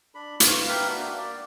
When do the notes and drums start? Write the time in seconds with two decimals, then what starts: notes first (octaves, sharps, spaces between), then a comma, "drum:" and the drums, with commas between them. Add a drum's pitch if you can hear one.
0.15 D4 B5
0.40 B4 F5, drum: hi-hat
0.68 G4 A#4 B4 E5
0.87 A#3 D4 F#4
1.17 D5